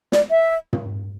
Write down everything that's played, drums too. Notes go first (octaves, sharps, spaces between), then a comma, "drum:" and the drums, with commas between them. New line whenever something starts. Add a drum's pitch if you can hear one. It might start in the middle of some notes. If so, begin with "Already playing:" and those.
D5, drum: snare
E5
drum: tom